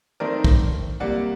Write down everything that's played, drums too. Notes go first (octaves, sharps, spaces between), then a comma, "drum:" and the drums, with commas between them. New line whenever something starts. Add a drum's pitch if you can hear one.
D#3 A3 C4 A#4 D5
drum: kick
C3 G3 A#3 D5 F#5